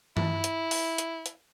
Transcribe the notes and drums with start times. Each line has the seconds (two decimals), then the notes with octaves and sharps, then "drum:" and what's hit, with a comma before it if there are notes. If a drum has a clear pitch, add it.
0.17 E4, drum: tom
0.44 drum: hi-hat
0.71 drum: open hi-hat
0.98 drum: hi-hat
1.26 drum: hi-hat